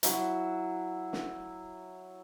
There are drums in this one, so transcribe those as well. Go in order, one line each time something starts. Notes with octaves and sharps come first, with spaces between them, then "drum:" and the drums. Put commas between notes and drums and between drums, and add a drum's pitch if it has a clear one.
F#3 E4, drum: hi-hat
drum: snare